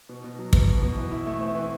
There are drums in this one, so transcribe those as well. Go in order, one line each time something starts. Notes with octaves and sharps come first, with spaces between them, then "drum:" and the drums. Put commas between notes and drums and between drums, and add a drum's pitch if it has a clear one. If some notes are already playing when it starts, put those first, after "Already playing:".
B2
B2
F#3
B3, drum: kick
B2
B2
E3
E4
A3
C4
E3